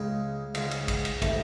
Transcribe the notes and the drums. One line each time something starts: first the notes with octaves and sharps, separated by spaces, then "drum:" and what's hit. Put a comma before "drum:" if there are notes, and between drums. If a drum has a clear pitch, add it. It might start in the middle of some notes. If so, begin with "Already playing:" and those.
Already playing: C#2 C#3 G#3
C#2 C#3 G#3, drum: cymbal
drum: cymbal
drum: kick, cymbal
drum: cymbal
C3 D#3 A3, drum: kick, cymbal